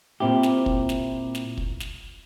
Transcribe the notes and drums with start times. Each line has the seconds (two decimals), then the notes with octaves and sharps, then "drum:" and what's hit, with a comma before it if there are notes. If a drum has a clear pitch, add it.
0.20 A#2 C4 E4 G4
0.43 drum: snare
0.66 drum: kick
0.89 drum: snare
1.35 drum: snare
1.57 drum: kick
1.80 drum: snare